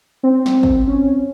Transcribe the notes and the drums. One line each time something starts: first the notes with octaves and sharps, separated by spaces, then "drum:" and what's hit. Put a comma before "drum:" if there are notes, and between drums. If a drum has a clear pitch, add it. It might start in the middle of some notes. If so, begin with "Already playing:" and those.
C4
drum: snare
drum: kick
C#4